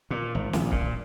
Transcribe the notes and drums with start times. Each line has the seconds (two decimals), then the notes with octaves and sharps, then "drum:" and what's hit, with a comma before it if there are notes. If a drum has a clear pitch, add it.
0.10 A#2
0.35 G#1
0.53 A#1, drum: snare
0.71 A#2, drum: kick C#1